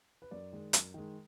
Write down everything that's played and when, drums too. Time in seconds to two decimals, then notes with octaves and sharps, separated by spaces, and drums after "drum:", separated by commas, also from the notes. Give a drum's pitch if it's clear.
0.22 B4
0.31 F#2 D5
0.53 D#3 G#3
0.73 F#2, drum: hi-hat
0.94 D#3 G#3